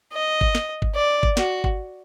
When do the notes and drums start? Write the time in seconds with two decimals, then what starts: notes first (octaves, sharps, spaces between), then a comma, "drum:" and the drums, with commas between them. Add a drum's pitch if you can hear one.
0.13 D#5
0.41 drum: kick
0.55 drum: snare
0.82 drum: kick
0.96 D5
1.23 drum: kick
1.37 F#4, drum: snare
1.64 drum: kick